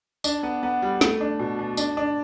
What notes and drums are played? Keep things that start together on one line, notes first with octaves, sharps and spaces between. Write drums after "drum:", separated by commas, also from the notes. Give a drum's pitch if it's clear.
D4, drum: tambourine
B3
B3
G3
A3, drum: snare
D4
B2
B2
D4, drum: tambourine
D4